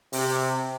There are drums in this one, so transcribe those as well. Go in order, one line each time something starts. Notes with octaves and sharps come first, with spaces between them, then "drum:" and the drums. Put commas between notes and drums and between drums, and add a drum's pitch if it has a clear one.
C3, drum: open hi-hat